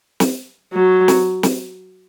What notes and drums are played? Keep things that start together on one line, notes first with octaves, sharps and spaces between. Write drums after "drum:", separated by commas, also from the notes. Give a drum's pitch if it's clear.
drum: snare
F#3
drum: snare
drum: snare